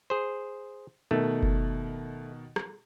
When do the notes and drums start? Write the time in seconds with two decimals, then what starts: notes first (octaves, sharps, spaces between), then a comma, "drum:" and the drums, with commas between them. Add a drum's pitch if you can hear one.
0.10 G#4 C5
1.11 B2 D#3 A3 D#4
1.43 drum: kick F#1
2.56 drum: rim click